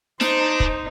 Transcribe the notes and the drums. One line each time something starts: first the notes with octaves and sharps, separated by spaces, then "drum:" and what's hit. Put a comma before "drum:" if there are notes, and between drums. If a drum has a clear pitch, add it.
D4 D#4 C5, drum: snare
drum: kick